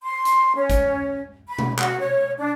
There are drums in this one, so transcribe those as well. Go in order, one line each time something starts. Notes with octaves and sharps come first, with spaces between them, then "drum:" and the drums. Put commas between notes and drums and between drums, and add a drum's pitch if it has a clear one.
C6
drum: hi-hat
C#4
drum: kick, hi-hat
B5
drum: tom B2
F#4, drum: clap
C#5
D4